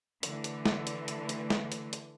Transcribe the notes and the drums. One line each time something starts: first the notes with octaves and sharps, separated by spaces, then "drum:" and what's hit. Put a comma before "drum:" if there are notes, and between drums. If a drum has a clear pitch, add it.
D3 E3 A3, drum: hi-hat
drum: hi-hat
drum: snare
drum: hi-hat
drum: hi-hat
drum: hi-hat
drum: snare
drum: hi-hat
drum: hi-hat